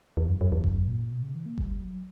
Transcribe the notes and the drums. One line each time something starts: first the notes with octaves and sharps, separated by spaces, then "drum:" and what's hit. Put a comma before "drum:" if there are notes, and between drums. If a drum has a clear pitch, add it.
E2
F#2
F#2
E2
F#2, drum: kick G1
A#2
B2
C#3
E3
A#3
G3, drum: kick G1
F#3